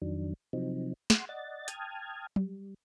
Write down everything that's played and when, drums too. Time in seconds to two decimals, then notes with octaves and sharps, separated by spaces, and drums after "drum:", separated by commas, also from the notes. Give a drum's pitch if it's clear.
0.02 F2 D#3 F#3 D4
0.53 C3 F3 F#3 C4 D#4
1.10 F#5 C6, drum: snare
1.29 D5 D#5 F#5 A6
1.68 G5 A5 D#6 F6 G#6, drum: hi-hat
2.36 G3, drum: tom